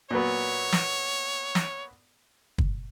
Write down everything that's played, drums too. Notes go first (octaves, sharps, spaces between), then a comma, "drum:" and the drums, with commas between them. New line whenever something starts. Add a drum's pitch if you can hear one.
A#2 F#3 B3 C#5
drum: snare
drum: snare
drum: kick